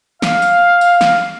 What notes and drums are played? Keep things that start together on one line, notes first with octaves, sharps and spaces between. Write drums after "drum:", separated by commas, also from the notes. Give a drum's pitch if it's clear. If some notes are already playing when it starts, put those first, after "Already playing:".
F5, drum: snare
drum: tambourine
drum: tambourine
drum: snare